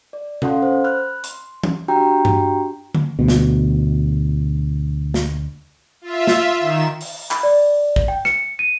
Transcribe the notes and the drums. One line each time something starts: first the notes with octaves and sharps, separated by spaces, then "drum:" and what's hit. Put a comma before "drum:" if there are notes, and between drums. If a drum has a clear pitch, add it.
D5
C#4 A4 F5 F#5 C6, drum: tom C3
C5
B5 F6 F#6
C6, drum: hi-hat
drum: tom E3
D4 F#4 G4 G5 A#5
drum: tom G2
drum: tom D3
D2 B2
drum: snare
drum: snare
F4 E5
drum: snare
D#3 E7
drum: open hi-hat
B5, drum: clap
D5
drum: kick
G5
C#7, drum: rim click
D#7